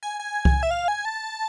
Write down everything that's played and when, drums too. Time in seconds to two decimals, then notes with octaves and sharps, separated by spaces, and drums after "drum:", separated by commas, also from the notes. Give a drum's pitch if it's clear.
0.03 G#5
0.20 G#5
0.45 drum: kick C2
0.63 E5
0.71 F5
0.88 G#5
1.05 A5